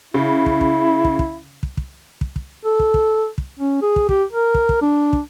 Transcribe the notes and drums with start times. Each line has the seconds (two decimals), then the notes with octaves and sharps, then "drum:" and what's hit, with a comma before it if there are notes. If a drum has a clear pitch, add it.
0.14 C#3 E4
0.46 drum: kick
0.61 drum: kick
1.05 drum: kick
1.19 drum: kick
1.63 drum: kick
1.77 drum: kick
2.21 drum: kick
2.36 drum: kick
2.65 A4
2.79 drum: kick
2.94 drum: kick
3.38 drum: kick
3.59 C#4
3.82 G#4
3.96 drum: kick
4.09 G4, drum: kick
4.32 A#4
4.54 drum: kick
4.69 drum: kick
4.82 D4
5.13 drum: kick